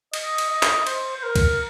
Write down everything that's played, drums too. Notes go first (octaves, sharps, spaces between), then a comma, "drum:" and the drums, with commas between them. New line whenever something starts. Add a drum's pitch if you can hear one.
D#5, drum: cymbal
drum: cymbal
D#5
drum: clap
C5, drum: cymbal
C5
A#4
drum: kick, cymbal